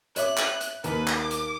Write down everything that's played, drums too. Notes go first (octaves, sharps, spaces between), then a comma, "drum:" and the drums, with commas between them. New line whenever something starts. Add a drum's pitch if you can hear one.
C#5 E5 D6 F#6, drum: hi-hat
drum: clap
drum: hi-hat
D#2 A#3 B4, drum: hi-hat
drum: clap
D6
drum: hi-hat